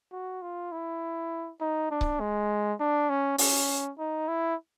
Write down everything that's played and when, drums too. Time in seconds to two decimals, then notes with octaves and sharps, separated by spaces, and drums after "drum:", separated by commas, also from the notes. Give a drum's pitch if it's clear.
0.12 F#4
0.42 F4
0.72 E4
1.61 D#4
1.91 D4
2.01 drum: kick C#1
2.20 G#3
2.80 D4
3.09 C#4
3.38 C#4, drum: open hi-hat
3.98 D#4
4.28 E4